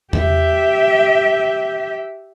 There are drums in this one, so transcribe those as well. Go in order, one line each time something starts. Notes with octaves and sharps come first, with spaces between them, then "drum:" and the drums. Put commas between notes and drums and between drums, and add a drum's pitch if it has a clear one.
G4 E5, drum: tom E2